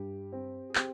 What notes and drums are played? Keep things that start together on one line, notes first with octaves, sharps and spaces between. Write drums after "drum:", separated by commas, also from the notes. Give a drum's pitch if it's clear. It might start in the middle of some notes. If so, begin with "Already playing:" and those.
Already playing: G2 G4
C4
G#4
C4 G4, drum: clap